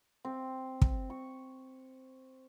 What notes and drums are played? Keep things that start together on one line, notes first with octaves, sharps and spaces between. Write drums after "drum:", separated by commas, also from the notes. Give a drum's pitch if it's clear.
C4
drum: kick
C#6